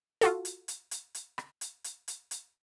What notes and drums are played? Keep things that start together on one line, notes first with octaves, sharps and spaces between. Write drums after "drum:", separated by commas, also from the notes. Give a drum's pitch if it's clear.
F4 F#4 A4, drum: hi-hat
drum: hi-hat
drum: hi-hat
drum: hi-hat
drum: hi-hat
drum: rim click
drum: hi-hat
drum: hi-hat
drum: hi-hat
drum: hi-hat